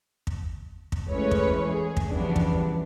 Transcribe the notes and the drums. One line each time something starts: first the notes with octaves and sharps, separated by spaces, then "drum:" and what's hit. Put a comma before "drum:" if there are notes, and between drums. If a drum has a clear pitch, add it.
drum: kick
drum: kick
E3 G#3 A3 C#4 B4 C#5
drum: kick
G#4
drum: kick
C#3 E3 F3 G3 B3 D4
drum: kick